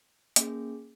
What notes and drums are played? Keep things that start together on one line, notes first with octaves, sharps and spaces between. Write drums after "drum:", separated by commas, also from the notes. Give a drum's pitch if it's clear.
A#3 C#4 G#4, drum: hi-hat